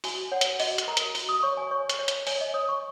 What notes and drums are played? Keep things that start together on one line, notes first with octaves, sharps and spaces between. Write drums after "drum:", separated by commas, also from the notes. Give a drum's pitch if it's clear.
F#4 G#5, drum: open hi-hat
C#5 F#5
drum: hi-hat
F#4 D#5, drum: open hi-hat
drum: hi-hat
A#4 A#5
drum: hi-hat
F#4, drum: open hi-hat
D#6
C#5 C#6
G#5
C#5 C#6
drum: hi-hat
C#5
drum: hi-hat
C#5 G#5, drum: open hi-hat
D#5
C#5 D#6
C#6